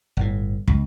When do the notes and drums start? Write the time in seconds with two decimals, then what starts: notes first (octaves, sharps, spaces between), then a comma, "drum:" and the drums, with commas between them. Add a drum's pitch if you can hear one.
0.17 G1 A2
0.68 C#2, drum: kick